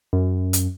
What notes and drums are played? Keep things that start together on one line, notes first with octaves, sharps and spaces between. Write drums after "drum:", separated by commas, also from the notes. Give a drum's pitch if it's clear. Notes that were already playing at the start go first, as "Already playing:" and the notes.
F#2
drum: hi-hat